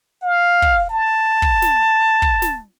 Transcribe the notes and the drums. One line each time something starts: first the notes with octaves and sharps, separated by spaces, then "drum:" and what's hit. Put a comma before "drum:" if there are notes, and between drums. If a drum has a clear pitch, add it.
F5
drum: kick
A5
drum: kick
drum: snare
drum: kick
drum: snare